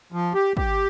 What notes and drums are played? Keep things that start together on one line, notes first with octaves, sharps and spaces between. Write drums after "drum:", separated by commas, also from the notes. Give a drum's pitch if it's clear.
F3
G4
G4, drum: kick